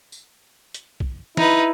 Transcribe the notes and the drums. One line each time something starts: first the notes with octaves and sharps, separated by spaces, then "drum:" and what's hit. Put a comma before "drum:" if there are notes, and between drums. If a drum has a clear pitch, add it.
drum: tambourine
drum: hi-hat
drum: kick
D#4 E4 B4, drum: snare